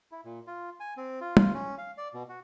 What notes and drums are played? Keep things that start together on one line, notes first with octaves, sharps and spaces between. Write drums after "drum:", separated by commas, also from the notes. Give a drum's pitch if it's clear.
E4
A#2
F4
G#5
C4
F4
F4, drum: tom
C#4
F5
D5
B2
F#4